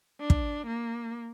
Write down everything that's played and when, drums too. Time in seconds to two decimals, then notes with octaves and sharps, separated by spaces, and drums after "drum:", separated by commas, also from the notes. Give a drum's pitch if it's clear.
0.20 D4
0.30 drum: kick
0.67 A#3